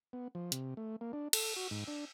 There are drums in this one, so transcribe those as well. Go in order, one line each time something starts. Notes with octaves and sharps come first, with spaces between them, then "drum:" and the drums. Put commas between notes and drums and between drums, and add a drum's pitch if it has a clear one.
B3
F3
C3, drum: hi-hat
A3
A#3
D4
A4, drum: cymbal
F#4
G#2
D4